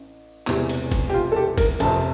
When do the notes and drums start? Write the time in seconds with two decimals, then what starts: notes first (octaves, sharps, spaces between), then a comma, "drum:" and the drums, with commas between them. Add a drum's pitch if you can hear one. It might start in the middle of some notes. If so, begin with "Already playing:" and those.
Already playing: A1
0.47 E1 E2 C3 G3, drum: clap
0.69 drum: cymbal
0.92 drum: kick, cymbal
1.10 G4
1.14 F4
1.32 A4
1.36 G4
1.58 A#4, drum: kick, cymbal
1.80 F1 F2 C3 A5, drum: cymbal